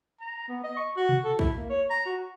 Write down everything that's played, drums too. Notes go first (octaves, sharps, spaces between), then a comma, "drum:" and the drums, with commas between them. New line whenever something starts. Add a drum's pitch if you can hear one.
A#5
B3
D#5
C#6
F#4
drum: tom B2
A4
E4, drum: kick
A#3
C#5
A#5
F#4